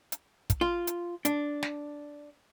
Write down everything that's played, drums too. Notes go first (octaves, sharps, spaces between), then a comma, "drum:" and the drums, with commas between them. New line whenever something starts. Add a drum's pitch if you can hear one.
drum: hi-hat
drum: kick, hi-hat
F4
drum: hi-hat
D4, drum: hi-hat
drum: snare